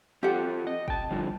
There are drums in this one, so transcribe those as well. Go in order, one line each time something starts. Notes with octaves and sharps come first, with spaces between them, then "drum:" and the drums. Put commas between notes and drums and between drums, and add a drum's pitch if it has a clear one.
C4 F4 G4 A4 F#5
D#5
G5 A5, drum: kick
D3 F3 G3